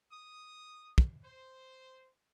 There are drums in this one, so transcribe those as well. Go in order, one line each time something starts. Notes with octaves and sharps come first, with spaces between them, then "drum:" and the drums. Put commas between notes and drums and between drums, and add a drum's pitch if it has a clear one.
D#6
drum: kick
C5